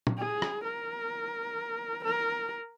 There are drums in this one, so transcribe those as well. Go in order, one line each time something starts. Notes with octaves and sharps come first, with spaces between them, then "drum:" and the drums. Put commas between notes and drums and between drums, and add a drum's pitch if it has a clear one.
drum: tom
G#4
drum: rim click
A#4
A#4